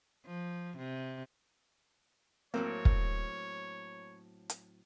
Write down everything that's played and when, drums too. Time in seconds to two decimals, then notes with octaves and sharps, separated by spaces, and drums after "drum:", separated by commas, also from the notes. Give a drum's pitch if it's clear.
0.26 F3
0.78 C3
2.54 A2 F#3 A#3 C4 C#5
2.85 drum: kick
4.50 drum: hi-hat